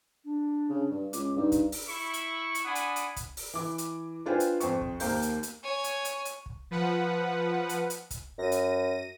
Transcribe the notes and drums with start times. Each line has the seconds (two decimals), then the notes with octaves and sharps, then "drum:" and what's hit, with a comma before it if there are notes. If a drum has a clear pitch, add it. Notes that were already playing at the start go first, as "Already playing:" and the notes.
0.25 D4
0.69 C#3
0.91 G2
1.13 C#2 D6, drum: hi-hat
1.37 G2 D#4
1.52 drum: kick, hi-hat
1.72 drum: open hi-hat
1.88 E4 C#6
2.14 drum: hi-hat
2.55 drum: hi-hat
2.64 D4 F#5 G#5 B5 D#6
2.75 drum: hi-hat
2.96 drum: hi-hat
3.16 drum: kick, hi-hat
3.37 drum: open hi-hat
3.54 E3 D6
3.78 drum: hi-hat
4.26 D4 F4 B4 C5 G5 G#5
4.40 drum: hi-hat
4.60 F2 C5 G5 C#6, drum: hi-hat
4.81 drum: kick
5.00 D#2 A#3 C5 G6, drum: open hi-hat
5.22 drum: hi-hat
5.43 drum: hi-hat
5.63 C#5 G#5
5.84 drum: hi-hat
6.05 drum: hi-hat
6.25 drum: hi-hat
6.46 drum: kick
6.71 F3 B4 F#5
7.69 drum: hi-hat
7.90 drum: hi-hat
8.10 drum: kick, hi-hat
8.39 F#2 A#6 D#7
8.52 drum: hi-hat